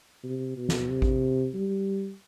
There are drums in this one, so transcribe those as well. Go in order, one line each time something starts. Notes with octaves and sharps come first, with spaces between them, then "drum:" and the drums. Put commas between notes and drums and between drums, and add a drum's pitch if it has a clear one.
C3
B2
drum: snare
C3
drum: kick A1
G3